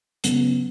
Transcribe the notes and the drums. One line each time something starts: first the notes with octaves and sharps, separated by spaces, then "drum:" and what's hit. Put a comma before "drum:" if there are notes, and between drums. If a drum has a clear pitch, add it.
C#3 F#3 B3, drum: hi-hat